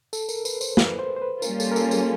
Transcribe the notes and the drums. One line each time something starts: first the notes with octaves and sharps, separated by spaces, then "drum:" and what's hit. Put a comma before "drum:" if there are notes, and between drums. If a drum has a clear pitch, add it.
A4, drum: tambourine
A#4, drum: tambourine
B4, drum: tambourine
C5, drum: tambourine
B4, drum: snare
C5
C5
B4
G3 A#3 C#4 F4 A#4, drum: tambourine
A4, drum: tambourine
A#4
A4, drum: tambourine
G#4, drum: tambourine